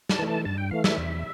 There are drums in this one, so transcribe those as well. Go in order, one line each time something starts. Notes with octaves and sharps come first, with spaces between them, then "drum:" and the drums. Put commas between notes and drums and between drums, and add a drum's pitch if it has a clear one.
A5, drum: snare
E3 A3
A5
G2 A5
G5
E3 A3 F5
E5, drum: snare
E2